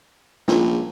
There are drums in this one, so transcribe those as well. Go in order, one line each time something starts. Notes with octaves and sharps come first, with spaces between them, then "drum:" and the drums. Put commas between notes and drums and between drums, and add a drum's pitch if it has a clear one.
A#1 C#4 F4 G#4, drum: snare